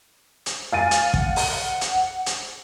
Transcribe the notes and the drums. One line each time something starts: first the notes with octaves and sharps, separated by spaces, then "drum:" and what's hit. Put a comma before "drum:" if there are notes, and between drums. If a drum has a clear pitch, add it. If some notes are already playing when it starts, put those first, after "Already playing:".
drum: hi-hat
F5 G#5 A6 D#7
drum: hi-hat
F#5, drum: kick
drum: open hi-hat
drum: hi-hat
drum: hi-hat